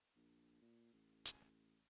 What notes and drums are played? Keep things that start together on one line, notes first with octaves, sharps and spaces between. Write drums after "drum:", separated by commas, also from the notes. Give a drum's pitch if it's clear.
A#1
A#2
A1
drum: hi-hat